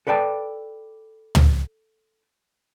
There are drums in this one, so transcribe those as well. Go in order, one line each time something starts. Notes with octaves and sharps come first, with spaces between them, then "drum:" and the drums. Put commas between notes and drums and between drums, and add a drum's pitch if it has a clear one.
A4 B4 D5 G5 A5
drum: tom